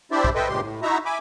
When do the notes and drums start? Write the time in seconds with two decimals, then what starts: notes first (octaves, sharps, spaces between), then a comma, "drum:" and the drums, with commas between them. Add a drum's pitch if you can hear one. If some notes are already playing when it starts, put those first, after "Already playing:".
0.12 D4 E4 G4 C5 D5 E5
0.24 drum: kick A#1
0.35 A4 B4 C5 D#5 E5 G5
0.48 G2 A#2 C#3 G#3 G4 C6
0.61 A2
0.82 D#4 E4 F#4 E5 A#5
1.06 E5 G#5 B5 D6